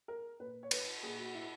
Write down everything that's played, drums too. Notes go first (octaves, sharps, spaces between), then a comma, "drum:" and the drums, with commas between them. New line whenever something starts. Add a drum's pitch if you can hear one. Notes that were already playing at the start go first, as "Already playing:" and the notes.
A#4
A#2 B4
C#5
B4, drum: cymbal
A#2 G#4
F#4
E4